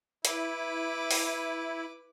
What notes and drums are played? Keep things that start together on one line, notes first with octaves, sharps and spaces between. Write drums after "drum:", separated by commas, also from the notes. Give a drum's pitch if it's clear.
E4 B4 D6, drum: hi-hat
drum: open hi-hat